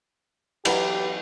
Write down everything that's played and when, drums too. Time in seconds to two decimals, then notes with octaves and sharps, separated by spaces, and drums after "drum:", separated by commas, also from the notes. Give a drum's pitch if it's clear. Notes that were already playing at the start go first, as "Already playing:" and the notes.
0.65 E3 F#3 B3 G4 B4, drum: cymbal